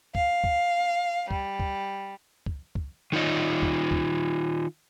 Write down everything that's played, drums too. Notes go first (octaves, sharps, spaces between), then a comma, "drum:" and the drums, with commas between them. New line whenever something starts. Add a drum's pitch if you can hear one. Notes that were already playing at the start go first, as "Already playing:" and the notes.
F5, drum: kick
drum: kick
G3, drum: kick
drum: kick
drum: kick
drum: kick
D#3 D#4 F4 C#5 D#5
drum: kick
drum: kick